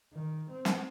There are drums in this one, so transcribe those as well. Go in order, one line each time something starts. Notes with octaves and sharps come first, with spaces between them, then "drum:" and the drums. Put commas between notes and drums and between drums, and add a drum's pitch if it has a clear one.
D#3
C4
drum: snare